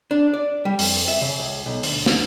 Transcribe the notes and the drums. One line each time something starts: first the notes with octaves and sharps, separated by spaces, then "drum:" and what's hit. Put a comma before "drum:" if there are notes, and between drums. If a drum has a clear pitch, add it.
D4
D5
G3
F2, drum: open hi-hat
E5
C#3
C#2
B1
D2, drum: open hi-hat
drum: snare